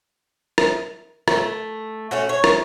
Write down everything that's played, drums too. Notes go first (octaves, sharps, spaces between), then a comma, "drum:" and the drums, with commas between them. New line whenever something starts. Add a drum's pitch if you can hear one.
drum: rim click
A3, drum: rim click
A3 C#4 F#4
C#5
drum: rim click